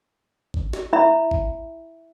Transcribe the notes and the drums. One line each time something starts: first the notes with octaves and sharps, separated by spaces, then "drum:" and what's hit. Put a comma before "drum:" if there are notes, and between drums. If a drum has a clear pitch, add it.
drum: kick G#1
drum: snare
E4 E5 B5
drum: kick G#1